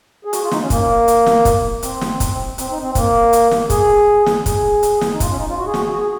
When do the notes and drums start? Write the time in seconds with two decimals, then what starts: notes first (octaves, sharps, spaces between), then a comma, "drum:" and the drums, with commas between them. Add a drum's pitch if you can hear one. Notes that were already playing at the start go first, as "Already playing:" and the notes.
0.25 G#4
0.33 F#4, drum: hi-hat
0.43 F4
0.51 D#4, drum: snare
0.61 C#4
0.70 A#3, drum: kick, hi-hat
1.08 drum: hi-hat
1.26 drum: snare
1.45 drum: kick, hi-hat
1.83 C4, drum: hi-hat
2.01 drum: snare
2.20 drum: kick, hi-hat
2.58 C4, drum: hi-hat
2.70 D#4
2.82 C4
2.95 A#3, drum: kick, hi-hat
3.33 drum: hi-hat
3.51 drum: snare
3.70 G#4, drum: kick, hi-hat
4.26 drum: snare
4.46 G#4, drum: kick, hi-hat
4.83 drum: hi-hat
5.01 drum: snare
5.12 D#4
5.20 F4, drum: kick, hi-hat
5.30 C#4
5.38 D#4
5.49 F4
5.57 F#4
5.66 G#4
5.74 F#4, drum: snare
5.83 G#4
5.91 F#4
5.99 G#4